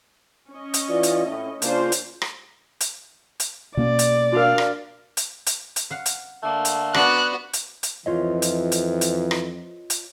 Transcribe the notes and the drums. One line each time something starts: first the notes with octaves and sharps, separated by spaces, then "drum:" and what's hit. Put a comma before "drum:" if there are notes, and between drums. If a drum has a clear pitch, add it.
C#4 D#5
drum: hi-hat
E3 F4 D5
drum: hi-hat
A2
C#3 A#3 D4 F4 C5, drum: hi-hat
drum: hi-hat
drum: rim click
drum: hi-hat
drum: hi-hat
B2 A#3 C#4 D5
drum: hi-hat
D4 F#4 A#4 F5
drum: rim click
drum: hi-hat
drum: hi-hat
drum: hi-hat
F5 F#5
drum: hi-hat
D3 A3 A#3
drum: hi-hat
B3 D4 F#4 D5 F#6, drum: rim click
drum: hi-hat
drum: hi-hat
F2 E3 F4 C#5 D#5
drum: hi-hat
drum: hi-hat
drum: hi-hat
drum: rim click
drum: hi-hat